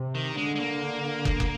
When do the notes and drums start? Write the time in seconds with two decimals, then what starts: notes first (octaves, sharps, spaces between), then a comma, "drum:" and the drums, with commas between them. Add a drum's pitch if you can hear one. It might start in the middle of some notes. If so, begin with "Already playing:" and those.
Already playing: C3
0.15 D#3
0.37 D3 G#3
0.55 G#3
0.59 A#3
1.25 drum: kick
1.40 drum: kick